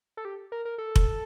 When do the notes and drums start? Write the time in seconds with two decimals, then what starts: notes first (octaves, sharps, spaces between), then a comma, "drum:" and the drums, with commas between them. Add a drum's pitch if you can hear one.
0.17 A4
0.25 G4
0.52 A#4
0.65 A#4
0.78 A4
0.96 drum: kick F1